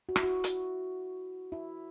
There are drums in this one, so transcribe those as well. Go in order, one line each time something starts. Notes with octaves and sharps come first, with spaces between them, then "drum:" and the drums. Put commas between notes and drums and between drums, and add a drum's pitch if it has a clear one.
F#4
E4, drum: rim click
F#4
drum: hi-hat
E4